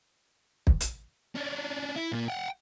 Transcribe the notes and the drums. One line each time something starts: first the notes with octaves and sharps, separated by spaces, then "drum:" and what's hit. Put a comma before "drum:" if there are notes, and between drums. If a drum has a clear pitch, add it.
drum: kick
drum: hi-hat
C#4 D4
E4
A#2 A#3
F#5 G5